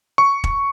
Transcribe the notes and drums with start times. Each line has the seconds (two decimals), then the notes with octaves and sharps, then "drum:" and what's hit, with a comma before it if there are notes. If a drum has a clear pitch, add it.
0.18 C#6
0.44 drum: kick E1